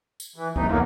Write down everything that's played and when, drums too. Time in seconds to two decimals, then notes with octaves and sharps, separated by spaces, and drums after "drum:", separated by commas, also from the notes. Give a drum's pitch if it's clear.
0.20 drum: tambourine
0.36 E3
0.56 C2 A3 D#4, drum: kick C#2
0.69 E2 F#3 A#3